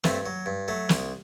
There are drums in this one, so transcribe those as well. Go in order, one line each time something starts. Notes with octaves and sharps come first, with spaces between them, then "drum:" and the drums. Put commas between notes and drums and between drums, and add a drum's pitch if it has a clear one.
G2 A3 C4, drum: snare
F#3
G2
F#3 A3
C2, drum: snare